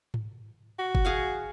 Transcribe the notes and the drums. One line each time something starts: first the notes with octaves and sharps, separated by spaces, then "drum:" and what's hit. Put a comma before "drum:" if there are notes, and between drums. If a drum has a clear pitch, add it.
drum: tom G#2
F#4
drum: kick G1
G#4 F5 F#5